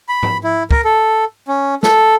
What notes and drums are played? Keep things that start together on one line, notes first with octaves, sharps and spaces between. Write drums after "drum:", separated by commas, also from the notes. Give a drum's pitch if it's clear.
B5
drum: tom G#2
E4
A#4, drum: kick
A4
C#4
A4, drum: snare